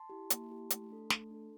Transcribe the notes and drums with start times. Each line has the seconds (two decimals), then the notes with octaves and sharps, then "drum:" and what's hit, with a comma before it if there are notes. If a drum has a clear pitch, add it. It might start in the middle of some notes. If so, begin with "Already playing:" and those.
Already playing: A5 C6
0.09 E4 G4
0.30 A#3, drum: hi-hat
0.50 E4 G4
0.70 A3, drum: hi-hat
0.91 D4 A4
1.10 A3, drum: snare
1.31 D4 A4